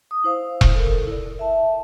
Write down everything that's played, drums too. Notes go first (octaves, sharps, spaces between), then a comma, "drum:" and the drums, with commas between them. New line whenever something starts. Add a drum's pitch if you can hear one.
D#6
E4 C5 F5
drum: kick E1
A4 A#4
E4 A#4 D5
E5 A5